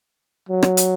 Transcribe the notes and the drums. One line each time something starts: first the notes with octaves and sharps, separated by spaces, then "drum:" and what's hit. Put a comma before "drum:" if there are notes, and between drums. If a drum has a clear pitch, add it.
F#3
drum: rim click
drum: hi-hat